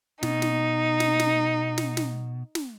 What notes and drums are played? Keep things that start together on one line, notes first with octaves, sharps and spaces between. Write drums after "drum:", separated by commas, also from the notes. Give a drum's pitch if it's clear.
B2 D#4, drum: snare
drum: snare
drum: snare
drum: snare
drum: snare
drum: snare
drum: snare